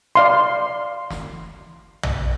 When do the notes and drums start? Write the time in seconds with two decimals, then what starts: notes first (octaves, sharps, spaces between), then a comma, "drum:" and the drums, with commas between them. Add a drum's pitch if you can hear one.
0.15 D5 F5 C6
1.10 drum: snare
2.03 drum: tom A#1